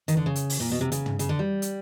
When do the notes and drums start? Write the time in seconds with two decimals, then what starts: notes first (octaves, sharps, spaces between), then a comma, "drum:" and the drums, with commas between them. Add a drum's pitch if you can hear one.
0.08 D#3, drum: hi-hat
0.17 D3
0.26 C#3
0.36 drum: hi-hat
0.50 drum: open hi-hat
0.60 A#2
0.72 B2
0.81 C3
0.92 C#3, drum: hi-hat
1.06 drum: tom
1.19 C#3, drum: hi-hat
1.29 D3
1.39 G3
1.62 drum: hi-hat